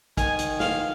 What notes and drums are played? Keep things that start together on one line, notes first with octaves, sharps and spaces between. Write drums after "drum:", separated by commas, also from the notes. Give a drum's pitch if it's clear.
D#3 G#5, drum: kick, hi-hat
drum: hi-hat
F5, drum: snare